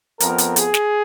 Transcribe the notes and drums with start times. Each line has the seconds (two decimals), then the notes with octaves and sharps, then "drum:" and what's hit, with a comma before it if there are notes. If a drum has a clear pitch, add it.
0.20 F2 F3 B3 A#4, drum: hi-hat
0.38 drum: hi-hat
0.56 G#4, drum: hi-hat
0.74 drum: snare